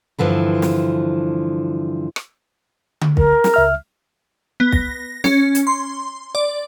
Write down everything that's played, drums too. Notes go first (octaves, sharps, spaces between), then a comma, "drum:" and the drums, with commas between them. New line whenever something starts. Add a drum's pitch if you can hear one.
G2 D3 E3 F3
drum: snare
drum: rim click
drum: tom D3
A#4, drum: kick
drum: snare
C#2 E5 F6
B3
A#6, drum: kick
C#4, drum: snare
drum: hi-hat
C6
D5